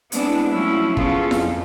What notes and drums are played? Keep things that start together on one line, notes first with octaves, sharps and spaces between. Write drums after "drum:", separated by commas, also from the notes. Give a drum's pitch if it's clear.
G#3 B3 C4 D4 E4, drum: hi-hat
F3 F#3 A3 C4 C#4 E4
B3 C#4 F4 G#4 A4, drum: kick
F2, drum: snare E4